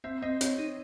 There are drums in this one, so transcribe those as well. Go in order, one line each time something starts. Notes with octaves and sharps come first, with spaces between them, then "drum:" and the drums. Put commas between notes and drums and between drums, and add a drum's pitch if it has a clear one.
C4 E5
C4 D#5
C4 C#5, drum: hi-hat
D#4